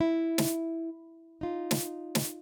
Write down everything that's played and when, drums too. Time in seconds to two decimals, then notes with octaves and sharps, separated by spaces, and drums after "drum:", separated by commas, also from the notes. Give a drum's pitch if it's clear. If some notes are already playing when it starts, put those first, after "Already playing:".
0.01 E4
0.38 drum: snare
1.41 D#4 F4
1.71 drum: snare
2.15 drum: snare